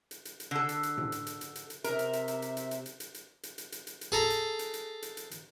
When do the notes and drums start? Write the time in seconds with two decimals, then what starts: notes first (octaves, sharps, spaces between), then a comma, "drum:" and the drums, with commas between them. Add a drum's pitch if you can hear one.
0.11 drum: hi-hat
0.25 drum: hi-hat
0.40 drum: hi-hat
0.51 D3 A4
0.69 drum: hi-hat
0.83 drum: hi-hat
0.98 drum: tom A2
1.12 drum: hi-hat
1.27 drum: hi-hat
1.41 drum: hi-hat
1.55 drum: hi-hat
1.70 drum: hi-hat
1.84 C3 A#4 E5, drum: hi-hat
1.99 drum: hi-hat
2.13 drum: hi-hat
2.28 drum: hi-hat
2.42 drum: hi-hat
2.57 drum: hi-hat
2.71 drum: hi-hat
2.86 drum: hi-hat
3.00 drum: hi-hat
3.14 drum: hi-hat
3.43 drum: hi-hat
3.58 drum: hi-hat
3.72 drum: hi-hat
3.87 drum: hi-hat
4.01 drum: hi-hat
4.12 G#4 A4 A#5
4.30 drum: hi-hat
4.59 drum: hi-hat
4.74 drum: hi-hat
5.02 drum: hi-hat
5.17 drum: hi-hat
5.31 drum: hi-hat